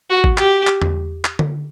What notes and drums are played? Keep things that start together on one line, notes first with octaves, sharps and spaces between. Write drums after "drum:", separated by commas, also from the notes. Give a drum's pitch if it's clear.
F#4
drum: kick A1
G4, drum: clap
drum: clap
drum: tom E2
drum: clap
drum: tom D3